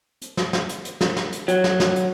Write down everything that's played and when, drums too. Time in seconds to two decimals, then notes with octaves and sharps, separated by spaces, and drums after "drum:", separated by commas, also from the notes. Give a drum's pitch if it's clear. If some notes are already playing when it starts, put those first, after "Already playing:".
0.22 drum: hi-hat
0.37 drum: snare
0.53 drum: snare
0.69 drum: hi-hat
0.85 drum: hi-hat
1.01 drum: snare
1.17 drum: snare
1.32 drum: hi-hat
1.48 F#3, drum: hi-hat
1.64 drum: snare
1.80 drum: snare
1.96 drum: hi-hat